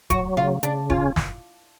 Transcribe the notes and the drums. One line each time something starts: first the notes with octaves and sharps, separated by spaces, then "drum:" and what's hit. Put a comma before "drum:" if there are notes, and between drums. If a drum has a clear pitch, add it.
F#3 F#4, drum: kick, hi-hat
C#3 F4
C#3 D4, drum: hi-hat
C#4 F4, drum: kick
drum: snare